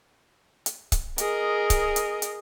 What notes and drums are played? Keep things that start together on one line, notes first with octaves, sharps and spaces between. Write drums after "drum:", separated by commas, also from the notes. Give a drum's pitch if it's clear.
drum: hi-hat
drum: kick C#1, hi-hat
G#4 A#4 D#5, drum: hi-hat
drum: kick C#1, hi-hat
drum: hi-hat
drum: hi-hat